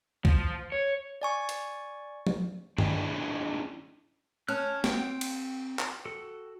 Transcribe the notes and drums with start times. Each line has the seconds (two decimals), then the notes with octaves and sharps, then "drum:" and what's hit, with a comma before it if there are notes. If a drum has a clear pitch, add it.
0.25 F3, drum: kick
0.72 C#5
1.22 D5 G#5 C#6
1.49 drum: hi-hat
2.27 drum: tom F3
2.78 C#4 D4 E4 G#4 D#5 G5, drum: tom G2
4.48 C#4 A5 F6 F#6
4.84 C4 F#5 G5, drum: snare
5.21 drum: cymbal
5.79 drum: clap
6.05 F#4 A4